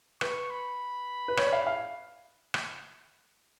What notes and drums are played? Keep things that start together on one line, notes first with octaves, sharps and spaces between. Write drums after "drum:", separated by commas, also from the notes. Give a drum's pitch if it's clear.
B4 C#6, drum: rim click
B5
B4
C#5, drum: rim click
D5
F5
F5
drum: rim click